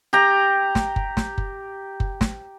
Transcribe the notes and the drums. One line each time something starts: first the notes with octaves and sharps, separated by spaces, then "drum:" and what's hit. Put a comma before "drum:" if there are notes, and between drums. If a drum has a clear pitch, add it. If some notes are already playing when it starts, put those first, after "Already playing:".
G4 A#5
drum: snare
drum: kick F#1
drum: snare
drum: kick F#1
drum: kick F#1
drum: snare